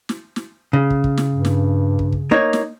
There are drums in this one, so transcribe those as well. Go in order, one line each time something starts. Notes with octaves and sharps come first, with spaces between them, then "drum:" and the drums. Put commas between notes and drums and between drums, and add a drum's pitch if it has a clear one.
drum: snare
drum: snare
C#3
drum: kick
drum: kick
drum: snare
G2
drum: snare
drum: kick
drum: kick
A#3 D#4 C#5
drum: snare